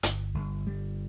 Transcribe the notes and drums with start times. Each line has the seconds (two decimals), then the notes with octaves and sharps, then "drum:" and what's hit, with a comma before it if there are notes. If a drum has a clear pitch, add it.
0.03 G1, drum: hi-hat
0.34 G1
0.67 G3